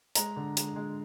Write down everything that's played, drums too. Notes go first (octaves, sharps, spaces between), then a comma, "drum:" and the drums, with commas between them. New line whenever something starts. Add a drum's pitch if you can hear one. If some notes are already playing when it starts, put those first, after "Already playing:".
G#3 A#5, drum: hi-hat
D3
G#3, drum: hi-hat
G#3